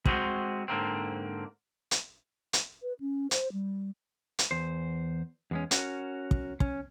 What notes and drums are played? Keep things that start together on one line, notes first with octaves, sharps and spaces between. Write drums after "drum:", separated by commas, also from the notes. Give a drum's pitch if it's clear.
G#3 C4 E4 F#4 G#4 C5, drum: kick
G#2 D3 A#3 C4
drum: hi-hat
drum: hi-hat
B4
C#4
C5, drum: hi-hat
G3
drum: hi-hat
E2 C5
E2 G#3 C#4
C#4 F#4 A#4, drum: hi-hat
drum: kick
C#4, drum: kick